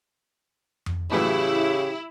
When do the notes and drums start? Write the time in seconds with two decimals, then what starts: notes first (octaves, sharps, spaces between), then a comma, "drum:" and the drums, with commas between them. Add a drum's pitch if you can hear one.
0.86 drum: tom F2
1.11 A2 C#3 E3 F#3 E4 G4